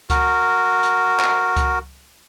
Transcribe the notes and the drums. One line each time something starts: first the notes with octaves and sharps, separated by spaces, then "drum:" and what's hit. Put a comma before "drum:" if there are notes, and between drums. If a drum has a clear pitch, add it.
F#4 A#4, drum: kick C#2, hi-hat
drum: hi-hat
drum: clap
drum: kick C#2, hi-hat